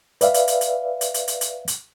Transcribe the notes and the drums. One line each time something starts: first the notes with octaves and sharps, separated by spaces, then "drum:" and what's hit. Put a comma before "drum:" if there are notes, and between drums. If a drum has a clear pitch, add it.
B4 D5 E5 F5, drum: hi-hat
drum: hi-hat
drum: hi-hat
drum: hi-hat
drum: hi-hat
drum: hi-hat
drum: hi-hat
drum: hi-hat
drum: hi-hat